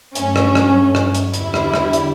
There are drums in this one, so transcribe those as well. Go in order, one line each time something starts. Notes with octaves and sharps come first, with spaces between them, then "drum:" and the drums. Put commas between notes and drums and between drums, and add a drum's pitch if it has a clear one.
G2 F#3 A3 C#4, drum: hi-hat
drum: rim click
drum: rim click
drum: rim click
drum: hi-hat
E2 D3 G3 E4, drum: hi-hat
drum: rim click
drum: rim click
drum: hi-hat